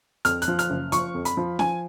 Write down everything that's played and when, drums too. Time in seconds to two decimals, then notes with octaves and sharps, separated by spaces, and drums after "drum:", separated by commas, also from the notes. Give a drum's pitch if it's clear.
0.25 F2 F6, drum: hi-hat
0.42 F#6, drum: hi-hat
0.48 F3
0.59 F6, drum: hi-hat
0.70 F#1
0.92 F3 C#6, drum: hi-hat
1.15 F2
1.25 B5, drum: hi-hat
1.37 F3
1.59 F3 G#5, drum: snare C#4